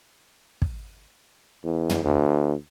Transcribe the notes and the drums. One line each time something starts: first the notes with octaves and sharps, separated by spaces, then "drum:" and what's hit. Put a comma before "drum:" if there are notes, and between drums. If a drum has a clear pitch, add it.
drum: kick
E2
drum: tom
D2